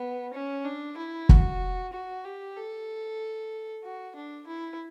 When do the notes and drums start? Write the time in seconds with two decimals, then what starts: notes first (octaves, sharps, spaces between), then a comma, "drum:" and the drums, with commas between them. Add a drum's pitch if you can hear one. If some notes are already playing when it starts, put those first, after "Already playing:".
Already playing: B3
0.34 C#4
0.65 D4
0.98 E4
1.29 F#4, drum: kick
1.93 F#4
2.25 G4
2.56 A4
3.84 F#4
4.16 D4
4.47 E4